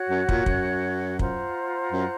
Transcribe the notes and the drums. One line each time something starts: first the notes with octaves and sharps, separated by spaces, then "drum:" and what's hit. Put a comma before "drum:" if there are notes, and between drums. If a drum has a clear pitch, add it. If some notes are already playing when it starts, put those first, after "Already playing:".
Already playing: F#4 C#5 F#5
F#2
A#2, drum: kick
F#2, drum: kick
F4 C5 F#5 A#5, drum: kick
F#2